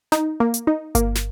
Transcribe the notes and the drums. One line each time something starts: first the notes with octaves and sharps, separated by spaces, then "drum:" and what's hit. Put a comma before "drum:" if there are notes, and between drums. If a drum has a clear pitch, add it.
D#4, drum: snare
A#3
drum: hi-hat
D#4
A#3, drum: kick G1, hi-hat
drum: snare